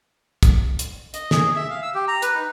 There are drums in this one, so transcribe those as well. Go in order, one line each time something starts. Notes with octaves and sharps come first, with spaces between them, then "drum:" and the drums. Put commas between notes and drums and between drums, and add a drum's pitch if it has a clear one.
drum: kick, hi-hat
drum: hi-hat
D#5, drum: hi-hat
G#4, drum: snare
E5
F5
E6
G4
A#5
B4, drum: hi-hat
D#4